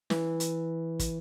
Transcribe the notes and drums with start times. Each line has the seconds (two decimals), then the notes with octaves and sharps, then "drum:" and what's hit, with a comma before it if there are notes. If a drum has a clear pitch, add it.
0.10 E3, drum: snare
0.40 drum: hi-hat
0.99 drum: kick, hi-hat